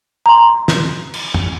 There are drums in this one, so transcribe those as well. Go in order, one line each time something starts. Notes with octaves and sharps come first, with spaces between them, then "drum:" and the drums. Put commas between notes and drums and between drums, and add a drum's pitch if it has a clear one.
A#5 C6
drum: snare
drum: cymbal
drum: tom